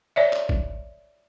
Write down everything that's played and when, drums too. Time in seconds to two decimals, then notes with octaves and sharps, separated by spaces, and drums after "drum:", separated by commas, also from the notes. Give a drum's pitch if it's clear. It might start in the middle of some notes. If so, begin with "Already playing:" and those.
0.16 C#5 D5 E5
0.33 drum: clap
0.49 drum: kick A1